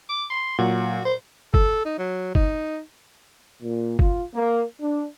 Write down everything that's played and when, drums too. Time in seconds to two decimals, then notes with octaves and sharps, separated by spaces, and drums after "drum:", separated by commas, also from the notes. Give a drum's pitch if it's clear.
0.09 D6
0.30 C6
0.58 A#2 F#3 F#4
1.05 C5
1.54 A4, drum: kick G1
1.85 D#4
1.98 F#3
2.35 D#4, drum: kick G1
3.63 A#2
3.99 F4, drum: kick G1
4.34 A#3
4.81 D4